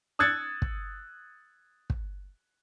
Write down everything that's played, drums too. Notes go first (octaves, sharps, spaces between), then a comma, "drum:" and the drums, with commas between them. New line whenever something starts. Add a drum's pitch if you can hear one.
D#6 E6 F#6 G#6 A6 C#7
drum: kick
drum: kick